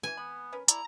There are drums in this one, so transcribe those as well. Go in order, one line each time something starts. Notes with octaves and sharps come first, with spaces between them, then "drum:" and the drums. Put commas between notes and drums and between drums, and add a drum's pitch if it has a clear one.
E3 B4 G#5
B3 B5
C#4 A#4 B4
E4 A4 D5 A#5, drum: hi-hat